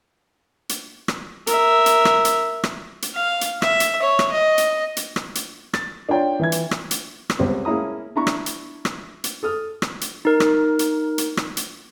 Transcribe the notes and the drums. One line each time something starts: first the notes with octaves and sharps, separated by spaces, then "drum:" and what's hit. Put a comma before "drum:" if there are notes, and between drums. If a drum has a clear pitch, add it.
drum: hi-hat
drum: rim click
A#4 E5, drum: hi-hat
drum: hi-hat
drum: rim click
drum: hi-hat
drum: rim click
drum: hi-hat
F5
drum: hi-hat
E5, drum: rim click
drum: hi-hat
C#5
drum: rim click
D#5
drum: hi-hat
drum: hi-hat
drum: rim click
drum: hi-hat
A6, drum: rim click
D4 F4 C#5 G5
E3 E5 G#6
drum: hi-hat
drum: rim click
drum: hi-hat
drum: rim click
C#2 G3 B3 C4
G#3 A#3 C#4 E4 A#5 D#6
D4 E4 A#5 B5 C#6
drum: rim click
drum: hi-hat
drum: rim click
drum: hi-hat
A4 D#6 F6
drum: rim click
drum: hi-hat
D#4 A#4
drum: rim click
drum: hi-hat
drum: hi-hat
drum: rim click
drum: hi-hat